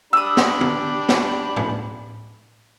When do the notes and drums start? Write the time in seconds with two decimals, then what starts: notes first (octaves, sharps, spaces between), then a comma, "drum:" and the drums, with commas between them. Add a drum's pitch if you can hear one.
0.13 D4 G4 B5 D#6 E6
0.37 drum: snare
0.61 drum: tom
1.09 drum: snare
1.56 drum: tom A2